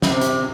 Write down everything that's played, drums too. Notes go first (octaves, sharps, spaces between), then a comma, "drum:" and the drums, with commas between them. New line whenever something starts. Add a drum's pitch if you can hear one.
C3, drum: snare
drum: hi-hat